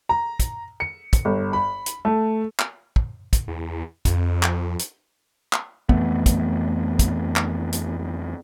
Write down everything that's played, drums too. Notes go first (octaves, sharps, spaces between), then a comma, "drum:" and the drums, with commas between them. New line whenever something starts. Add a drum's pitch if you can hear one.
A#5
drum: kick, hi-hat
C#7
drum: kick, hi-hat
G1
B5
drum: hi-hat
A3
drum: clap
drum: kick
drum: kick, hi-hat
E2
F2, drum: kick, hi-hat
drum: clap
drum: hi-hat
drum: clap
F2 E3 A3 B3, drum: kick
drum: kick, hi-hat
drum: kick, hi-hat
drum: clap
drum: hi-hat